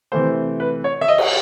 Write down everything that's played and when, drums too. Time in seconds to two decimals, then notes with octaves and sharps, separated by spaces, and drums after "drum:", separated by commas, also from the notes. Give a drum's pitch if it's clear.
0.12 C3 E3 A3 C5
0.60 B4
0.84 C#5
1.01 E5
1.08 D#5
1.18 drum: cymbal